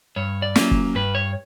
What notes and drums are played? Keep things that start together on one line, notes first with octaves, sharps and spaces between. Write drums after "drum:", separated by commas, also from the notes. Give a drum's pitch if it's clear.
G2 C#5
D5
F#3 A#3 C#4, drum: snare
drum: kick
G2 B4
C#5